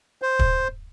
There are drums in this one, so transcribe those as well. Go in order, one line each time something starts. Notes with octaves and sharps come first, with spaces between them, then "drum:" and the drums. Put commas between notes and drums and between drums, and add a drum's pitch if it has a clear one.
C5
drum: kick